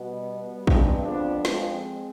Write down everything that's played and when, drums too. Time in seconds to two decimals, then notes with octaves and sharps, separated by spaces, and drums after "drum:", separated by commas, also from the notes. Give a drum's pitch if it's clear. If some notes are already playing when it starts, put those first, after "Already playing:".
Already playing: B2 G3 B3
0.67 G2 G#3 C4, drum: kick
1.05 F2 B3 D4
1.45 F2 G#3 C4, drum: snare